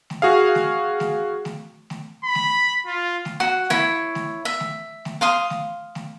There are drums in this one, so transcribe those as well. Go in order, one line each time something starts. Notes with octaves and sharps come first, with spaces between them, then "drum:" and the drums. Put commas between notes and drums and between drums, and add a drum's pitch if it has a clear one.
drum: snare A3
F#4 G#4 F5
drum: snare A3
drum: snare A3
drum: snare A3
drum: snare A3
B5
drum: snare A3
F4
drum: snare A3
F#4
E4 C#5, drum: snare A3
drum: snare A3
E5
drum: snare A3
drum: snare A3
F5 C6 D#6
drum: snare A3
drum: snare A3